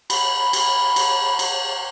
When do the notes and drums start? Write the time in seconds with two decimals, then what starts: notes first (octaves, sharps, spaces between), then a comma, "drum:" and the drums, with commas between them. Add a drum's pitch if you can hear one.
0.10 B5, drum: cymbal
0.53 drum: cymbal
0.96 drum: cymbal
1.39 drum: cymbal